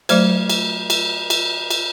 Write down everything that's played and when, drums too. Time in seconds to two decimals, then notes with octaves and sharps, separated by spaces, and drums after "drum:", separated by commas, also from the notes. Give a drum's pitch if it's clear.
0.09 F#3 A3 C5, drum: cymbal
0.49 drum: cymbal
0.90 drum: cymbal
1.30 drum: cymbal
1.70 drum: cymbal